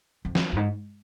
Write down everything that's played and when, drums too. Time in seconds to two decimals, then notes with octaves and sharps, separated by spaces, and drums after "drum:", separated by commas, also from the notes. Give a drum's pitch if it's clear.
0.25 F2
0.35 drum: snare
0.52 F2
0.56 G#2